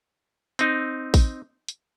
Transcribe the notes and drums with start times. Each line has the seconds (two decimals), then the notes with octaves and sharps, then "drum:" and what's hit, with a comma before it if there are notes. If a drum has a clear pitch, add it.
0.59 C4 D#4, drum: hi-hat
1.14 drum: kick A1, open hi-hat
1.68 drum: hi-hat